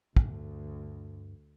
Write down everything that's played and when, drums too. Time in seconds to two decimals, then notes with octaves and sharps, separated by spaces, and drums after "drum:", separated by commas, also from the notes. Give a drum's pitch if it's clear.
0.17 D2 G2, drum: kick